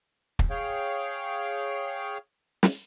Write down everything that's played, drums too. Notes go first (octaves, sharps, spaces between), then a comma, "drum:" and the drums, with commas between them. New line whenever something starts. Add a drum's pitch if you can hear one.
drum: kick
G#4 C#5 F5 G5
drum: snare